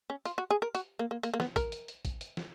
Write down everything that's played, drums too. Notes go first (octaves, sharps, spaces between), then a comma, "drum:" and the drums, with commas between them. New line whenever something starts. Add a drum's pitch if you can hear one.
C#4
F4, drum: hi-hat
F#4
G#4
A#4
F#4, drum: hi-hat
A#3
A#3
A#3, drum: hi-hat
A#3
B3, drum: snare
A#4, drum: kick, hi-hat
drum: hi-hat
drum: hi-hat
drum: kick, hi-hat
drum: hi-hat
drum: snare